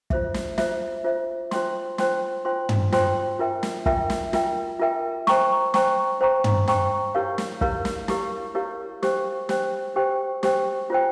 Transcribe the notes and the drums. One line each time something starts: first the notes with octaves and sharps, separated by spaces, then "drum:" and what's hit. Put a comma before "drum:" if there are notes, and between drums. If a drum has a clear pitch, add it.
F4 C5 E5, drum: kick
drum: snare
F4 C5 E5, drum: snare
F4 C5 E5
F4 C5 G5 C6, drum: snare
F4 C5 G5 C6, drum: snare
F4 C5 G5 C6
drum: tom
F4 C5 G5 C6, drum: snare
F4 A#4 E5 G5
drum: snare
F4 A#4 E5 G5, drum: kick
drum: snare
F4 A#4 E5 G5, drum: snare
F4 A#4 E5 G5
C5 G5 A#5 C#6, drum: snare
C5 G5 A#5 C#6, drum: snare
C5 G5 A#5 C#6
drum: tom
C5 G5 A#5 C#6, drum: snare
E4 G4 A#4 C#5 F5
drum: snare
E4 G4 A#4 C#5 F5, drum: kick
drum: snare
E4 G4 A#4 C#5 F5, drum: snare
E4 G4 A#4 C#5 F5
G4 C5 G5, drum: snare
G4 C5 G5, drum: snare
G4 C5 G5
G4 C5 G5, drum: snare
F4 C5 G5